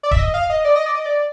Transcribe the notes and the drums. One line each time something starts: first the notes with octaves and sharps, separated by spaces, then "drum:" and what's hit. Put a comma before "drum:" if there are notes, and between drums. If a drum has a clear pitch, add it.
D5
E5, drum: kick
D#5
F5
D#5
D5
D#5
D5
D#5
D5